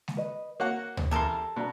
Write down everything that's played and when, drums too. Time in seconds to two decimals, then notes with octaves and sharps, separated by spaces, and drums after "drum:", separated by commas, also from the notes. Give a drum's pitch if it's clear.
0.08 drum: snare G#3
0.17 B4 D#5
0.60 A#3 F#4 C#5 F#5
0.97 drum: tom D2
1.11 E2 G3 A4 A#4 C6
1.56 B2 D4 A#5